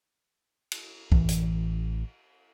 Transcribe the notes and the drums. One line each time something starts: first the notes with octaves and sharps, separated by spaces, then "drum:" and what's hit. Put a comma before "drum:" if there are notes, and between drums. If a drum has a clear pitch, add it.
drum: cymbal
A1 E3, drum: kick B1
drum: hi-hat